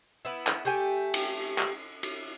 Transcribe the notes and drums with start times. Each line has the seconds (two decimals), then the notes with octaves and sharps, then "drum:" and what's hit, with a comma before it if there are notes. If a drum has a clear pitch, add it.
0.25 B3 E4
0.47 drum: clap
0.65 A3 G4 G5 G#5
1.14 drum: cymbal
1.58 drum: clap
2.03 drum: cymbal